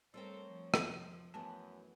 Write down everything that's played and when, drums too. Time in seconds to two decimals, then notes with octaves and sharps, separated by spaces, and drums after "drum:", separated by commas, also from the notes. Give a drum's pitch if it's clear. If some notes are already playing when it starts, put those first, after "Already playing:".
0.14 G3 A3 C4 A4 A#4 C5 C#5 G5
0.46 F3
0.74 drum: rim click
1.34 F#2 E3 A3 B3 G#5 A5